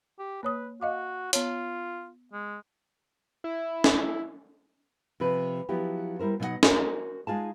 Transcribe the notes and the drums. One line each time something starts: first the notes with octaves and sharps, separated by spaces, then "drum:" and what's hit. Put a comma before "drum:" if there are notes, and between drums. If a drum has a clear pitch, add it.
G4
A#3 B4 C#5 D#6
F#4 D#5 F5 D6
B3 F4 C#5, drum: hi-hat
G#3
E4
drum: snare
C3 F3 B4
F3 F#3 B3 E4 G4
G3 E4 A#4 C5
B2 F#3 D#4 F#4 D#5 F#5
F#4 A#4 C5, drum: snare
G#3 D#4 F4 G#4 A5